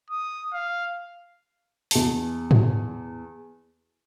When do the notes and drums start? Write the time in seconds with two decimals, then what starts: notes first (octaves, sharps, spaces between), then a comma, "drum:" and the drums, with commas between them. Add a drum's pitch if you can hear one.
0.11 D#6
0.54 F5
1.91 E2 A5, drum: open hi-hat
2.51 drum: tom G#2